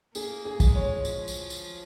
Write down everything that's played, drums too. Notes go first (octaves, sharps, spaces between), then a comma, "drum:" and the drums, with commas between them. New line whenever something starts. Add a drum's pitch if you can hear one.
A#3 G#4, drum: tambourine
G#4
G#3, drum: kick, tambourine
C#5
F3, drum: tambourine
drum: tambourine
drum: tambourine